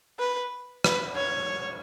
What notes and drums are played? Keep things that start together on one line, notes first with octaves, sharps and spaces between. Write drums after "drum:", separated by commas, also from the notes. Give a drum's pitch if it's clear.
B4
B4, drum: rim click
C#5